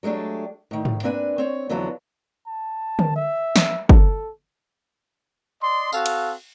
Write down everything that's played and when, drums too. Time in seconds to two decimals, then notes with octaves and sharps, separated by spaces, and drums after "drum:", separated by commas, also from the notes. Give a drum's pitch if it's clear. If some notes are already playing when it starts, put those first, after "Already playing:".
0.03 F#3 G#3 A3 D4 G4
0.71 A2 D#3
0.85 drum: tom G#2
1.03 A#3 C4 D4 B4 G#5
1.38 C4 C#5
1.69 F2 D3 E3 F#3 B3 A4
2.47 A5
2.99 drum: tom D3
3.16 E5
3.56 drum: snare
3.89 A4, drum: kick
5.62 D5 D#5 C6
5.92 C4 F#4 A4 F5, drum: tambourine
6.06 drum: cymbal